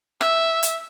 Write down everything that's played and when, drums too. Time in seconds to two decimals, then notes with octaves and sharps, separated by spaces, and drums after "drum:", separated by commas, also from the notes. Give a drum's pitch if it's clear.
0.21 E5, drum: rim click
0.63 drum: hi-hat